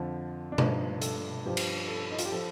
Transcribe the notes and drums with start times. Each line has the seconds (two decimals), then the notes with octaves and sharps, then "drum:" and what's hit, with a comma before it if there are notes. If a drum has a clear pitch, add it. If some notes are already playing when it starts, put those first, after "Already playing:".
Already playing: F2 D3 F3
0.52 D4
0.58 G2 F3 D#4, drum: tom B2
1.01 A4, drum: hi-hat
1.46 G2 F3 G4
1.57 drum: cymbal
1.89 A4
2.10 D#4
2.18 F4, drum: hi-hat
2.25 G4
2.32 F3 A4